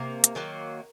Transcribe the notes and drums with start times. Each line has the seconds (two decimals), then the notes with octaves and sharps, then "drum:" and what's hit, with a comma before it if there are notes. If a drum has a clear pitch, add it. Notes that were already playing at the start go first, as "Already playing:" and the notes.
Already playing: C3 A#3 A#4
0.24 drum: hi-hat
0.35 D#3 F#3 A#3